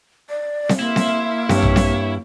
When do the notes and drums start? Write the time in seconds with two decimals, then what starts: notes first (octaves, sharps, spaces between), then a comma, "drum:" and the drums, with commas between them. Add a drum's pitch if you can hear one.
0.29 D5
0.69 drum: snare C4
0.79 A#3 E4 E5 C6
0.96 drum: snare C4
1.49 G2 C#5, drum: snare C4
1.62 drum: tom A#1
1.76 drum: snare C4